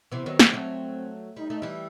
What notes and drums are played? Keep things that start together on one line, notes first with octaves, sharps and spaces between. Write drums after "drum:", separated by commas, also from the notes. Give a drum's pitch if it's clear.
C3 E3 B3
D#3 F#3
E3 G3, drum: snare
F#3 A3 C4
G3 D#4
A3
E3 G3